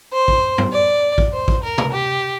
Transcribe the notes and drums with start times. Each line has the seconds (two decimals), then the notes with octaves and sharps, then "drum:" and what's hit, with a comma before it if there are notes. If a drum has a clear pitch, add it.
0.13 C5
0.28 drum: kick A1
0.58 drum: tom G2
0.72 D5
1.18 drum: kick A1
1.33 C5
1.48 drum: kick A1
1.63 A#4
1.78 drum: tom C3
1.92 G4